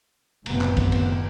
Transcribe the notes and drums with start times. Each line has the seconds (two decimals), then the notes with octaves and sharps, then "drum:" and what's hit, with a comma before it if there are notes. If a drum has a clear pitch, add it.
0.46 F#1 A2 C3 D#3 B3, drum: cymbal
0.61 drum: clap
0.77 drum: kick, cymbal
0.92 drum: cymbal